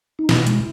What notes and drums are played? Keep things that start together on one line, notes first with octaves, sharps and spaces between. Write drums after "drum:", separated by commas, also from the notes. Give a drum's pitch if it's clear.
D#4
B2 E4, drum: snare
G#3, drum: hi-hat